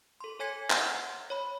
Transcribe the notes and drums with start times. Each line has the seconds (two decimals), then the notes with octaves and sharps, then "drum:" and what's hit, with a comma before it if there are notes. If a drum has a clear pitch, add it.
0.20 A4 C6
0.39 A4 C#5 G#5 G#6 B6 C#7
0.70 F#5 C6, drum: clap
0.92 C6
1.30 C#5 B5